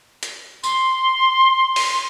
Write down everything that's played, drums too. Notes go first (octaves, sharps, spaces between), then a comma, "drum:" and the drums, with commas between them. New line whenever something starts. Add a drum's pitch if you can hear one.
drum: hi-hat
C6, drum: tambourine
drum: open hi-hat